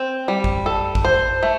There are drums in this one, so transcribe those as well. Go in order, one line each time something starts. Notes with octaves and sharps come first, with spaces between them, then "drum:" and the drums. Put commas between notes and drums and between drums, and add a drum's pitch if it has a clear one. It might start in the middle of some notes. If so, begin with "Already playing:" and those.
Already playing: C4
G3
drum: kick
A4
drum: kick
C5
A3